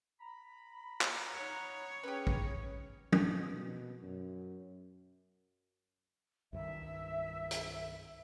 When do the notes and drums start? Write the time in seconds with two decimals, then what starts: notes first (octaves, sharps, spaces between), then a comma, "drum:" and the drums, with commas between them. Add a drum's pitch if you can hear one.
0.21 A#5 B5
1.01 drum: clap
1.34 D#4 C#5 F#5
2.03 C#4 G4 G#4 B4
2.27 drum: kick
3.12 A#2, drum: tom
3.54 B2
4.02 F#2
6.53 C2 G2 D#3 E5
7.51 drum: hi-hat